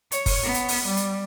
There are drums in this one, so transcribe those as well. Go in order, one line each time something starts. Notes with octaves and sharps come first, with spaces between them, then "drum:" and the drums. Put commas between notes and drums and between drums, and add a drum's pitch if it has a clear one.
C#5, drum: hi-hat
drum: kick F#1, open hi-hat
B3
drum: hi-hat
drum: open hi-hat
G3
drum: hi-hat